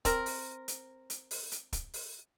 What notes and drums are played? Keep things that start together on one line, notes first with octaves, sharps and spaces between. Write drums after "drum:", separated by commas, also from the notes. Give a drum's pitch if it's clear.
C4 A#4, drum: kick, hi-hat
drum: open hi-hat
drum: hi-hat
drum: hi-hat
drum: open hi-hat
drum: hi-hat
drum: kick, hi-hat
drum: open hi-hat